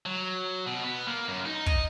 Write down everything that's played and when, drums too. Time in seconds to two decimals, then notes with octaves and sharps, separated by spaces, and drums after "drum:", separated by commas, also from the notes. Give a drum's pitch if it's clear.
0.06 F#3
0.67 B2
0.84 B3
1.07 A#3
1.28 F#2
1.45 D#4
1.66 D#5, drum: kick